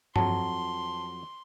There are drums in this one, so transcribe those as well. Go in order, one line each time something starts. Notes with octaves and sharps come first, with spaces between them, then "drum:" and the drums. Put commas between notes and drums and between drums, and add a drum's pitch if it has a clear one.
F2 F#3 A5 C6, drum: tom G2